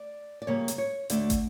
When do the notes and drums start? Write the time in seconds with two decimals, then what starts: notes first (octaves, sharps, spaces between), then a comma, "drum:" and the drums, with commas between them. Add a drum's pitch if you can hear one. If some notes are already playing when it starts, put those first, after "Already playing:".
Already playing: D5
0.42 D5
0.47 F2 C#3 G3 A#3 C#5
0.68 drum: hi-hat
0.78 C#5
1.10 D2 D3 A3 D5, drum: hi-hat
1.30 drum: kick, hi-hat